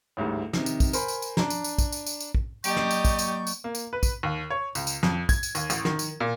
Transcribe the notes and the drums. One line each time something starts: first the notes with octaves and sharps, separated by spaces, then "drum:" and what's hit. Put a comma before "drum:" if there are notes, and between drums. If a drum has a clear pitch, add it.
A1 D2 G#2 G3
C3 D#3, drum: snare
drum: tambourine
drum: kick, tambourine
A#4 C5 G#5 B5, drum: tambourine
drum: tambourine
drum: tambourine
D4 A#5, drum: snare
drum: tambourine
drum: tambourine
drum: kick, tambourine
drum: tambourine
drum: tambourine
drum: tambourine
drum: kick
F#3 A#3 G4 D5 D#5 C#6 G6, drum: tambourine
drum: snare
drum: tambourine
drum: kick, tambourine
drum: tambourine
drum: tambourine
A#3
drum: tambourine
B4
drum: kick, tambourine
D#2
C#5
C#2, drum: tambourine
drum: tambourine
F2, drum: snare
G#6, drum: kick, tambourine
drum: tambourine
D#2, drum: tambourine
A1, drum: tambourine
D#3, drum: snare
drum: tambourine
A#2